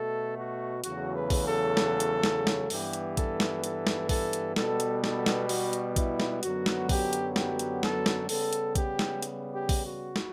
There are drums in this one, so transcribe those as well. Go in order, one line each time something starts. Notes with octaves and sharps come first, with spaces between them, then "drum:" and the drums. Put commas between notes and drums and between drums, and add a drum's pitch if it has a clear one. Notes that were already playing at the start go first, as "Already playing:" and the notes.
Already playing: B2 A3 A4
F#4
E2 C#3 F#3 A3 F#4, drum: hi-hat
B4
drum: kick A#1, open hi-hat
A4
drum: snare
drum: hi-hat
drum: snare
drum: snare
G2 E3 B3 G4, drum: open hi-hat
drum: hi-hat
A4, drum: kick A#1, hi-hat
drum: snare
A4, drum: hi-hat
drum: snare
A4, drum: kick A#1, open hi-hat
drum: hi-hat
B2 G3 B3 A4, drum: snare
drum: hi-hat
A4, drum: snare
drum: snare
F#4, drum: open hi-hat
drum: hi-hat
E4, drum: kick A#1, hi-hat
drum: snare
F#2 D3 F#3 B3 F#4, drum: hi-hat
drum: snare
G4, drum: kick A#1, open hi-hat
drum: hi-hat
G4, drum: snare
drum: hi-hat
A4, drum: snare
drum: snare
C#3 G3 B3 A4, drum: open hi-hat
drum: hi-hat
G4, drum: kick A#1, hi-hat
drum: snare
drum: hi-hat
G4
drum: kick A#1, open hi-hat
F#4
drum: snare